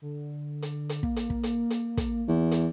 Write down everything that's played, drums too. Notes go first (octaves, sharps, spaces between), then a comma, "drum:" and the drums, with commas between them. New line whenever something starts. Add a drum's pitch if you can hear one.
D3
drum: hi-hat
drum: hi-hat
A#3, drum: kick
drum: hi-hat
drum: kick
drum: hi-hat
drum: hi-hat
drum: kick, hi-hat
E2
drum: hi-hat